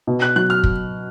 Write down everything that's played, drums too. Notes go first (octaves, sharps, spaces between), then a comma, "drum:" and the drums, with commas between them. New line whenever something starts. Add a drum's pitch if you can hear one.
B2
F#6
F#3 F#6
F6
drum: kick